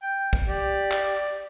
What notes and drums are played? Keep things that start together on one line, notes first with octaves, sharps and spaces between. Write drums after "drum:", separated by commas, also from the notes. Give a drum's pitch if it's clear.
G5
drum: kick
G4 D5
drum: clap